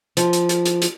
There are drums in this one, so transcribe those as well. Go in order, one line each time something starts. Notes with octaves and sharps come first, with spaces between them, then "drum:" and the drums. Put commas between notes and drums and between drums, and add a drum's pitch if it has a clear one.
F3, drum: hi-hat
drum: hi-hat
drum: hi-hat
drum: hi-hat
drum: hi-hat